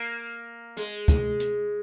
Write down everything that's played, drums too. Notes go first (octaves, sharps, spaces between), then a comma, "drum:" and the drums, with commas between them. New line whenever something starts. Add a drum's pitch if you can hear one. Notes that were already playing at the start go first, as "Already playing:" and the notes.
Already playing: A#3
G#3, drum: hi-hat
drum: kick, hi-hat
drum: hi-hat